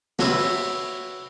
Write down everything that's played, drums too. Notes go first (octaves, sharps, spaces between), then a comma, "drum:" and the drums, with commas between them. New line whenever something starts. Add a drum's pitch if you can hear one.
F#4 B4 C#5 E5, drum: snare
drum: open hi-hat